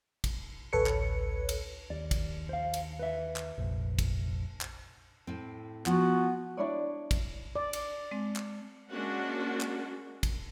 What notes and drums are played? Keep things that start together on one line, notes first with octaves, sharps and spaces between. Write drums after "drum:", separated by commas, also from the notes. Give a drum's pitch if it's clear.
drum: kick, cymbal
A1 D2 A4 B4 C#5 C#7
drum: clap
drum: cymbal
D#2 D5
drum: kick, cymbal
C5 F5
drum: cymbal
B4 E5
drum: clap
F1 A#1
drum: kick, cymbal
drum: clap
A2 C4
F3 B3 F#4, drum: clap
D4 E4 C#5 D5
drum: kick, cymbal
D5
drum: cymbal
G#3 C4
drum: clap
G#3 A#3 C#4 D4 F#4 F#5
drum: clap
drum: kick, cymbal